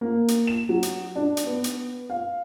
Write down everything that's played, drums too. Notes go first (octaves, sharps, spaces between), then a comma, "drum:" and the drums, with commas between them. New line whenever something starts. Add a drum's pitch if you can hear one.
A#3
drum: hi-hat
E7
F#3
drum: hi-hat
D4
drum: hi-hat
B3
drum: hi-hat
F5